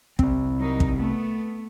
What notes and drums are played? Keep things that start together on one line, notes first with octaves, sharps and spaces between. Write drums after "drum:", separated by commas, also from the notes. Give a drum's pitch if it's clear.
C2 C4, drum: kick
F#3 D#4 A#4
drum: kick
A3 B3